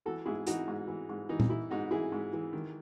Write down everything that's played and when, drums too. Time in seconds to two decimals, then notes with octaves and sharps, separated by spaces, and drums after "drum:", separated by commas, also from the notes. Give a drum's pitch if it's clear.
0.06 E3 F#4 A4
0.25 G#2 E4 G#4
0.47 E3 D#4 F#4, drum: hi-hat
0.68 G#2
0.87 E3
1.09 G#2
1.29 E3 D#4
1.40 drum: tom A#2
1.49 E3 E4
1.71 G#2 D#4 F#4
1.91 E3 E4 G#4
2.12 G#2
2.33 E3
2.53 D#3